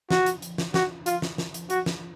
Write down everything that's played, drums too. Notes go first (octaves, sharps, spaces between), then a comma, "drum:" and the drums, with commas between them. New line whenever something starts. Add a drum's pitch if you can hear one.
F#4, drum: snare
drum: hi-hat
drum: hi-hat
drum: snare
F#4, drum: snare
F4, drum: hi-hat
drum: snare
drum: snare
drum: hi-hat
F#4, drum: hi-hat
drum: snare